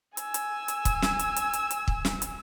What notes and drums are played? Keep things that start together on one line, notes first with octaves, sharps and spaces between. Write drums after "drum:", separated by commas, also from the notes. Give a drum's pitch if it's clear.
G#5 E6, drum: hi-hat
drum: hi-hat
drum: hi-hat
drum: kick, hi-hat
drum: snare
drum: hi-hat
drum: hi-hat
drum: hi-hat
drum: hi-hat
drum: kick
drum: snare
drum: hi-hat